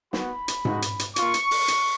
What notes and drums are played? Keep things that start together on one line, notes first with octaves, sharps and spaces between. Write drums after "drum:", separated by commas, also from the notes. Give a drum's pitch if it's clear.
B3 F#4 B5, drum: snare
drum: hi-hat
G#3 D#4 F#4, drum: tom G#2
drum: hi-hat
drum: hi-hat
A#3 F4 C#6, drum: hi-hat
drum: hi-hat
drum: open hi-hat
drum: hi-hat